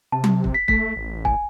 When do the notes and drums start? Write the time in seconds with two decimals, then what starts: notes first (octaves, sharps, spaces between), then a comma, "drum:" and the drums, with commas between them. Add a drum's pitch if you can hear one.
0.12 C3 A5
0.24 drum: tom F#3
0.44 drum: kick
0.54 B6
0.68 A3 B6, drum: kick
0.96 A1
1.25 G#5, drum: kick